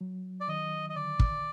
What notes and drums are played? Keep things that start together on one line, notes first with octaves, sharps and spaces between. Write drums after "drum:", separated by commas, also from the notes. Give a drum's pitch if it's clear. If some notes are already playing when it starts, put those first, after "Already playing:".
F#3
D5
D#3 D#5
D#5
D3 D5
drum: kick